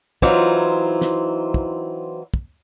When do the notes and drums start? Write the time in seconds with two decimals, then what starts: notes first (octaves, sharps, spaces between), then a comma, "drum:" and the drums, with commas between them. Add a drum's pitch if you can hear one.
0.22 E3 F#3 C4 D#4 F4, drum: kick
1.02 drum: snare
1.54 drum: kick
2.34 drum: kick